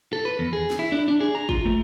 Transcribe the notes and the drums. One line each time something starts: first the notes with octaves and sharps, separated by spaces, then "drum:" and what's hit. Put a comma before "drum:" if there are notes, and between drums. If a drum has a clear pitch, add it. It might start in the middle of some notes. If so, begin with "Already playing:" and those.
A4
B4
E2
G#4
drum: snare
E4
D4
D4
G#4
A#5
F4, drum: kick
A3